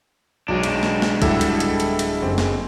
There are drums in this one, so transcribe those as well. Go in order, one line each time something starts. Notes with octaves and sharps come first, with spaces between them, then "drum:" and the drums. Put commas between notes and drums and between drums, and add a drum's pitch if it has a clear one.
B1 F#3 G#3 D4
drum: hi-hat
drum: snare
drum: snare
D1 G3 E4 A4 F#5, drum: kick, hi-hat
drum: hi-hat
drum: hi-hat
drum: hi-hat
drum: hi-hat
F#1 C4
drum: snare